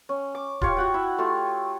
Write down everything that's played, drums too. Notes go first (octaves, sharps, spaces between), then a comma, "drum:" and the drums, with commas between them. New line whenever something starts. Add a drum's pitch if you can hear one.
C#4
D6
F4 G4 C#5 F5, drum: kick D1
F#4 F#5 G5
E4
A3 F4 G4